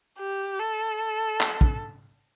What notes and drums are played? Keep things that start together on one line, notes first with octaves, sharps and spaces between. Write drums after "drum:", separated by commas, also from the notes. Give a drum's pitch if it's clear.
G4
A4
drum: clap
drum: kick